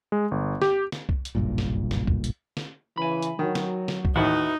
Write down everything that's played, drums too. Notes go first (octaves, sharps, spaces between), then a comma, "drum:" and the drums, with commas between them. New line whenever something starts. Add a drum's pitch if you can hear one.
G#3
G1
G4, drum: snare
drum: snare
drum: kick C2
drum: hi-hat
F#1 B1 G2 A#2
drum: snare
drum: snare
drum: kick C2
drum: hi-hat
drum: snare
C#3 E3 G#5 B5
drum: hi-hat
D#3 F#3
drum: snare
drum: snare
drum: kick C2
D#2 A2 D#4 E4 F#4 B4